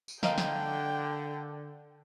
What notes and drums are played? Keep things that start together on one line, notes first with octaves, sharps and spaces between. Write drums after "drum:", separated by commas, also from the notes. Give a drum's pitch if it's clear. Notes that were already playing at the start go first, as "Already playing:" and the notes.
drum: tambourine
D3 A#3 D#5 F5 G5, drum: snare
drum: snare